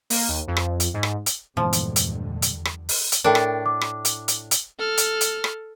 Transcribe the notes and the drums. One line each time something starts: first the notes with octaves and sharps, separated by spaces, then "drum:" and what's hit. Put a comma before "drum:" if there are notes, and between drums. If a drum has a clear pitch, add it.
A#3, drum: open hi-hat
D#2
F2
drum: rim click
drum: hi-hat
G#2
drum: rim click
drum: hi-hat
E2 G2 A#2 D3 F3 G#3
drum: hi-hat
drum: hi-hat
drum: hi-hat
drum: rim click
drum: open hi-hat
drum: hi-hat
A2 D4 A#4 G5
drum: rim click
D6
drum: rim click
drum: hi-hat
drum: hi-hat
drum: hi-hat
A4 F6
drum: hi-hat
drum: hi-hat
drum: rim click